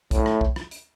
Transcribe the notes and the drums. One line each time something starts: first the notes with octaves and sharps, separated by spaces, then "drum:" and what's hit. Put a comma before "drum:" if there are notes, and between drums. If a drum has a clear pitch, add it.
A2, drum: kick, hi-hat
drum: rim click
drum: kick
drum: rim click
drum: hi-hat